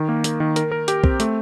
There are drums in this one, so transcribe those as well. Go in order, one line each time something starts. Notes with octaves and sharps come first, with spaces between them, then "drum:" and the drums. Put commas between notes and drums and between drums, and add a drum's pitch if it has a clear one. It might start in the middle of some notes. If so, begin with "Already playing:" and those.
Already playing: D#3
A#3
A#3, drum: hi-hat
D#3
A#4, drum: hi-hat
A#4
G4, drum: hi-hat
C4, drum: kick B1
A3, drum: hi-hat